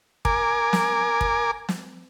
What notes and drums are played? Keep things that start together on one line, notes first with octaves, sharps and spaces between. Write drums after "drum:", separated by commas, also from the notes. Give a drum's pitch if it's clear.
A#4 G#5 D6, drum: kick
drum: snare
drum: kick
drum: snare